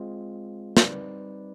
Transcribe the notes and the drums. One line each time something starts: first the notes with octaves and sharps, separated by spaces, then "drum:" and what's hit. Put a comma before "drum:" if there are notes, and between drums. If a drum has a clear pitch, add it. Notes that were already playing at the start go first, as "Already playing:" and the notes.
Already playing: G#3 C4 F4
G3 C4 D#4 B4 D5, drum: snare